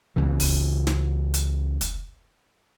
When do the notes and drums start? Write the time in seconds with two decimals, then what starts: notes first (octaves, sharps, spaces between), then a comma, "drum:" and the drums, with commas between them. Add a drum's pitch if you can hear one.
0.16 C#2 C#3 E3
0.40 drum: kick, open hi-hat
0.87 drum: snare
1.34 drum: hi-hat
1.81 drum: kick, hi-hat